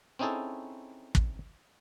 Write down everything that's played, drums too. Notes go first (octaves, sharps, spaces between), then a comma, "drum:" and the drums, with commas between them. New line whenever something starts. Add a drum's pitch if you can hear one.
C4 C#4 D#4 E4 G#4 A4
drum: kick